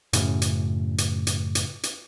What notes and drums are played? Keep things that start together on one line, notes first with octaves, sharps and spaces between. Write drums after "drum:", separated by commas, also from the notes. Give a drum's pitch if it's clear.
F#2 A2 C#3, drum: hi-hat
drum: hi-hat
drum: hi-hat
drum: hi-hat
drum: hi-hat
drum: hi-hat